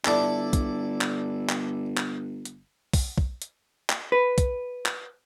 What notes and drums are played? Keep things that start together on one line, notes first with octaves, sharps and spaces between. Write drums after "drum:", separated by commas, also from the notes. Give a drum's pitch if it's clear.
G1 D4 E4 A4, drum: clap
drum: kick, hi-hat
drum: clap
drum: clap
drum: clap
drum: hi-hat
drum: kick, open hi-hat
drum: kick
drum: hi-hat
drum: clap
B4
drum: kick, hi-hat
drum: clap